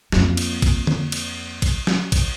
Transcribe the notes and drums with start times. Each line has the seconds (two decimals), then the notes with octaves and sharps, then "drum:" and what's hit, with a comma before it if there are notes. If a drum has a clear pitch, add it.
0.12 F2 A#3, drum: snare
0.37 drum: cymbal
0.62 drum: kick A1, cymbal
0.87 drum: tom D3
1.12 drum: cymbal
1.62 drum: kick A1, cymbal
1.87 drum: snare
2.12 drum: kick A1, cymbal